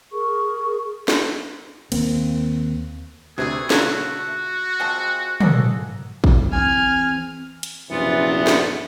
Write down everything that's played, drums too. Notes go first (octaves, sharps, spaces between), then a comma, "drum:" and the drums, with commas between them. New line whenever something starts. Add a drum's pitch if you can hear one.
G#4 A#4 C#6
drum: snare
D#2 A#3 C4, drum: cymbal
D2 C3 G3 A3 G#4 B4
A#2 C#3 F#4 F#5, drum: snare
F3 G#3 C4
A#3 G#4 A4 F#5, drum: tom
drum: kick
E2 C4 G#5 F6
drum: hi-hat
A#1 F#2 C3 E3 B3 F4 F#5
drum: snare